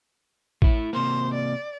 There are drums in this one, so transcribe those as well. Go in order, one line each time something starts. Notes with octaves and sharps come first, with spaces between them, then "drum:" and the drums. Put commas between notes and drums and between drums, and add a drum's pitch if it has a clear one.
A3 E4, drum: kick A1
C3 A#3 C5
D5